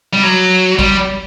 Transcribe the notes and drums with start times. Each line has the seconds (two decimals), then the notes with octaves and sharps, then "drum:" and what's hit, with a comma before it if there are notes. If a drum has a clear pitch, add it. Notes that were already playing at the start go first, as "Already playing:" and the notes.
0.13 G3
0.23 F#3
0.79 G3, drum: kick A1